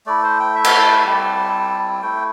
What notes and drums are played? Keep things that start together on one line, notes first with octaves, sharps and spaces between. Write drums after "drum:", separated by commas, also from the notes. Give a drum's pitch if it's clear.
A3 E4 D5
C5
G5
E5
drum: cymbal
A5
G3 C4 E4
A3 E4 G5